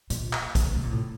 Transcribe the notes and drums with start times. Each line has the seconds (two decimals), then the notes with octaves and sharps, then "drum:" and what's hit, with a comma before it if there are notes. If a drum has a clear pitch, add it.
0.10 A#2, drum: hi-hat
0.33 drum: clap
0.55 drum: kick, hi-hat
0.76 C3
0.83 A#2
0.91 A2